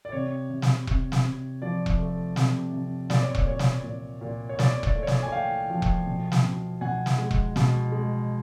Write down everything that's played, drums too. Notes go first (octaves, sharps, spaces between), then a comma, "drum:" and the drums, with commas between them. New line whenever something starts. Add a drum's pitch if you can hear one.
D5
C3 C#5
C3
drum: snare
C3, drum: kick E1
drum: snare
C3
F3 D5
drum: kick E1
A3
C3, drum: snare
C3
A#2 D5, drum: snare
C#5
drum: kick E1
A#2 C#5
drum: snare
A#2
A#2
C#5
A#2 D5, drum: snare
D5, drum: kick E1
A3
C#5
D5, drum: snare
G#5
A3 F5 G5
F3
drum: kick E1
B2
drum: snare
B2
B2 F#5 G#5
drum: snare
G#3
drum: kick E1
B2, drum: snare
G#3